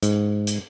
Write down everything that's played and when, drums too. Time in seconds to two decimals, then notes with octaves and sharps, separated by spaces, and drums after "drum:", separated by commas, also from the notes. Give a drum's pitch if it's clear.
0.03 G#2, drum: hi-hat
0.47 drum: hi-hat